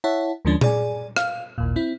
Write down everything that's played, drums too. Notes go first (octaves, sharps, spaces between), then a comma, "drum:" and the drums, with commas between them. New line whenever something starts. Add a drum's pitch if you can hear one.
E4 C#5 E5 F#5 A5
D#2 D3 F3 G#3 C#4 D4
G#4 D5 G#5, drum: tom A#2
F5 F6, drum: rim click
A1 D#2 A#2
C4 E4